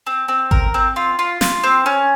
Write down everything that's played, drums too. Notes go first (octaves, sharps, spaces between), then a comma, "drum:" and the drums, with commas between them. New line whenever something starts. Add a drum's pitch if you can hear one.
C4
C4
A#4, drum: kick G#1
C4
F4
F4
F4, drum: snare
C4
C#4